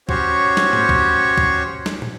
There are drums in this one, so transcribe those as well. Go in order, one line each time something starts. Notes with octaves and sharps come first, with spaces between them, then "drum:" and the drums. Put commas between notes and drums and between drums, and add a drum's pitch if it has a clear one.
C#4 F#4 G4 C5 C#5 C#6, drum: kick
drum: snare
drum: tom
drum: kick
drum: kick
drum: snare
drum: tom